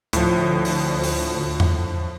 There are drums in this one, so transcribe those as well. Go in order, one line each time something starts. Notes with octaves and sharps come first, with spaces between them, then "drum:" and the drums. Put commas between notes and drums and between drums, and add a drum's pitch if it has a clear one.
D2 A2 F3, drum: hi-hat
drum: open hi-hat
drum: open hi-hat
drum: tom E2